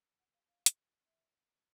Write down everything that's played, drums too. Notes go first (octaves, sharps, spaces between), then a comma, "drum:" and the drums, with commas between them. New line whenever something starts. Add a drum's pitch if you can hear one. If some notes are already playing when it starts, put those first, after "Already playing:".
F#5
F5
F5
drum: hi-hat
E5